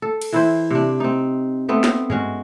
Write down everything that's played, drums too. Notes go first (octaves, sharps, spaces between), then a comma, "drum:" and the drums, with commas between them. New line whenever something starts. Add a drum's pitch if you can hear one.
A4
drum: cymbal
E3 E4 C5
C3 D4
C4 D#4
A3 B3 C4
drum: snare
G#3 C#4 F#4, drum: tom G2